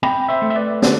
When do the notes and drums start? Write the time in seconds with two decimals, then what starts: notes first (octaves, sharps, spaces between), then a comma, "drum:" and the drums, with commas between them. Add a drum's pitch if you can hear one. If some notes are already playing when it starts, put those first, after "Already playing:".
0.03 C4 G5 B5
0.28 C5 E5
0.42 A3
0.50 E5
0.55 B4 D5
0.82 D3 B4 D5, drum: snare